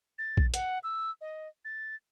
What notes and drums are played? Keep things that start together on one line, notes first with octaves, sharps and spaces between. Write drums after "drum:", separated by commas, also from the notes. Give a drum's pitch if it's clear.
A6
drum: kick
F#5, drum: hi-hat
E6
D#5
A6